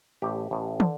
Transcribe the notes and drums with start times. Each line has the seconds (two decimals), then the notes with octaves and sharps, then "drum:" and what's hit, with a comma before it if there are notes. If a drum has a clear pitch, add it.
0.22 A1 A2 G4
0.51 A1 A2
0.80 D3, drum: tom